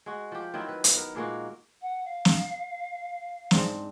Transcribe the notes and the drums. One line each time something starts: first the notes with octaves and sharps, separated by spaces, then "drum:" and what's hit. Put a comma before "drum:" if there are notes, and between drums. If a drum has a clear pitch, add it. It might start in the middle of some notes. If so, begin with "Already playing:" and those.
G#3 F#4
F3 G4
D#3 F#3 C4 E4
B4
drum: hi-hat
B3 A#4
A#2 G#3 A#3 F#4
F#5
F5
drum: snare
G#2 C4 D4, drum: snare